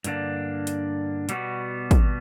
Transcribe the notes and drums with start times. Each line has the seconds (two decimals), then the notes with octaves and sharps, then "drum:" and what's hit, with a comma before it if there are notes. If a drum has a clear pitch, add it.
0.04 G2 D3 A#3 D4, drum: hi-hat
0.67 drum: hi-hat
1.29 B2 G3 B3 F#4, drum: hi-hat
1.91 drum: kick, hi-hat